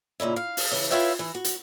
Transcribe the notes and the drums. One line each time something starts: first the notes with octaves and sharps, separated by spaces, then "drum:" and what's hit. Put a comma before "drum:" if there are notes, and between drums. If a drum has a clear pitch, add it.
A#2 C#3 D#4 E4
F5
drum: open hi-hat
C#3 E3
E4 F4 B4 C#5 E5 G5
E3
F#4
drum: hi-hat